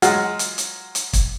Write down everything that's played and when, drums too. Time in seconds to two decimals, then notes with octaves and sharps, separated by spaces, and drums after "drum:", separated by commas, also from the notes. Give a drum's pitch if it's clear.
0.02 F#3 G#3 F4 F#4, drum: hi-hat
0.39 drum: hi-hat
0.58 drum: hi-hat
0.95 drum: hi-hat
1.13 drum: kick, hi-hat